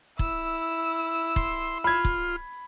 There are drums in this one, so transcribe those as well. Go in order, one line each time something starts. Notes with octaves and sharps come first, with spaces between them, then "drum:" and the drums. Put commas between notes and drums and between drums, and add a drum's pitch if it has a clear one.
E4 E6, drum: kick
C6, drum: kick
F4 B5 G#6
drum: kick